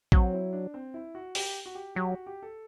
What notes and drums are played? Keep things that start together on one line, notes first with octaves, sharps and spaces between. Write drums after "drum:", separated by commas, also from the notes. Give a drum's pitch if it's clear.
F#3 C4, drum: kick
E4
D4
C4
E4
F#4
G4, drum: open hi-hat
F#4
G4
F#3 G4
F#4
G4
A4